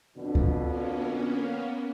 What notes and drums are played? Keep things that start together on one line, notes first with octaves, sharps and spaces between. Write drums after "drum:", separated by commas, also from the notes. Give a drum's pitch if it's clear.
F2 B2 D3
drum: kick C#2
A#3 B3 C#4